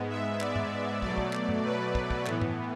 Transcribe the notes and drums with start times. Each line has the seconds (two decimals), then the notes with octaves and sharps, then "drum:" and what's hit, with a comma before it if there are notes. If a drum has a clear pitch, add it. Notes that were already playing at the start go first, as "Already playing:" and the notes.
Already playing: G#2 G#3 B3
0.09 E5
0.40 D5, drum: clap
0.56 drum: tom G2
1.02 B2 F#3 A3 D5, drum: kick
1.18 drum: kick
1.33 drum: clap
1.49 drum: tom G2
1.64 B4
1.95 drum: kick
2.11 drum: kick
2.26 A2 E3 B3, drum: clap
2.41 drum: tom G2